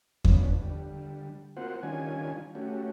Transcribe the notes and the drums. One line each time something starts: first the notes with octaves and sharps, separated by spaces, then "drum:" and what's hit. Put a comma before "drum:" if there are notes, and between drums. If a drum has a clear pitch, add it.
F3 B3 C#4 D4, drum: kick E2
D3 G3
A#3 C4 F4 F#4 C5 F#5
D#3 G3 C#4 D4 F4 G#5
A3 C#4 F#4 G4